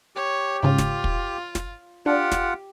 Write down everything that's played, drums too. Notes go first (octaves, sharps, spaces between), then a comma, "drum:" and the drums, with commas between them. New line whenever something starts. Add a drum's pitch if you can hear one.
G4 C#5
G#2 C#3 F4
drum: snare
drum: kick
drum: snare
D4 F4 G4 F#5
drum: snare